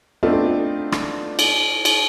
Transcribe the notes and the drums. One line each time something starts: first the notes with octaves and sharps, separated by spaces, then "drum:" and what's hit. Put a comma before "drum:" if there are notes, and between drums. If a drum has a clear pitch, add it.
A3 B3 C4 D4 D#4 F4
drum: rim click
drum: cymbal
drum: cymbal